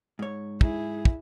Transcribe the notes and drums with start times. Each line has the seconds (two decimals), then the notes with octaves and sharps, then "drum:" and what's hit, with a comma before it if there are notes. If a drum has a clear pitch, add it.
0.19 G#2 C#5
0.61 E4 G#4, drum: kick
1.05 drum: kick